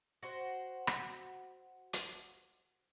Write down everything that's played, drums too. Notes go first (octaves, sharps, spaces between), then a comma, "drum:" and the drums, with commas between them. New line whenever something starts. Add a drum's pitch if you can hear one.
F#4 C5
drum: rim click
drum: hi-hat